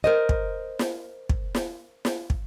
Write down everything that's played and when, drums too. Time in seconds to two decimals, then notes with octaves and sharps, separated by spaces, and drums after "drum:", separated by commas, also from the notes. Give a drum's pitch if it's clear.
0.04 A#4 C5 D#5
0.29 drum: kick
0.79 drum: snare
1.29 drum: kick
1.55 drum: snare
2.05 drum: snare
2.30 drum: kick